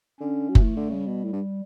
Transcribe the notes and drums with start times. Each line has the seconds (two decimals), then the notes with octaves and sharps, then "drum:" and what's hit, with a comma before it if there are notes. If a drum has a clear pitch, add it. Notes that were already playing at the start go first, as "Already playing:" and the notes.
0.20 D3 C#4
0.50 F#3
0.55 A3, drum: kick F#1
0.63 E3
0.76 D3
0.89 C#3 G3
1.07 B2
1.24 A2
1.33 G2